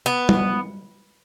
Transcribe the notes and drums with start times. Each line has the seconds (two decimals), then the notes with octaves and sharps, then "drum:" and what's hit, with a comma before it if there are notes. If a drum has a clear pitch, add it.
0.06 B3
0.29 drum: tom